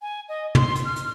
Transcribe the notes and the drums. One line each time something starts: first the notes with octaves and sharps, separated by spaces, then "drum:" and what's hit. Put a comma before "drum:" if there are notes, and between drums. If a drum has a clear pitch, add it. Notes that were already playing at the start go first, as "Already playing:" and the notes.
G#5
D#5
C6, drum: tom
drum: hi-hat
F6
drum: hi-hat